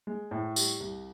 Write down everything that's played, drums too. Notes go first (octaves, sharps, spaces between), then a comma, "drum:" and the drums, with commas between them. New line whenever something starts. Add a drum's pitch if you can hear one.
G#3
A2
G3, drum: tambourine
C2